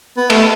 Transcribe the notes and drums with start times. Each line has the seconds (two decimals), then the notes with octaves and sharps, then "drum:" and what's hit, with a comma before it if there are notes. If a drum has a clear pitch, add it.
0.17 B3
0.30 A3, drum: cymbal